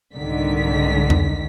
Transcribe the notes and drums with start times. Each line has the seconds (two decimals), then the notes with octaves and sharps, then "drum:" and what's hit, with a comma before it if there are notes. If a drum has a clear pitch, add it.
0.15 C2 G#2 D3 D#3 B6
1.10 drum: tom E2